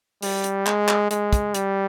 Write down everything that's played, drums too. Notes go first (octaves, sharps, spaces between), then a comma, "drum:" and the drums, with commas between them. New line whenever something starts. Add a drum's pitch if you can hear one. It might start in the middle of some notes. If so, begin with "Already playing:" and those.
G3, drum: open hi-hat
drum: hi-hat
G#3, drum: clap
drum: clap
G#3, drum: hi-hat
drum: kick, hi-hat
G3, drum: hi-hat